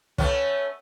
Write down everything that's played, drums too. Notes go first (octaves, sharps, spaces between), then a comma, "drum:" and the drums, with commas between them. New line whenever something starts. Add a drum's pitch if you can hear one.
A3 B3 C#4, drum: kick